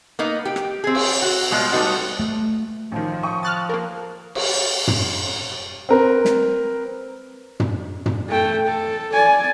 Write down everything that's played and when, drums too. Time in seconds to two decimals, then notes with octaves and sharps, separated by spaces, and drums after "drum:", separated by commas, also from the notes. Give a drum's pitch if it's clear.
0.19 A#3 B3 D#4
0.45 G4
0.56 drum: rim click
0.84 C4 G#4
0.95 drum: cymbal
1.22 F#4
1.51 B2 G3 G#3 B3 F4
1.72 G3 A3 B3 D#4 F#4
2.20 A3
2.92 A1 D#3 F3
3.23 G5 C#6 D#6
3.43 F6 F#6 A6
3.69 A#3 A#4
4.35 drum: cymbal
4.87 drum: tom
5.89 C4 A#4 B4
6.25 drum: snare
7.60 drum: tom
8.06 drum: tom
8.29 A3 G5
8.67 A4
9.13 D5 G#5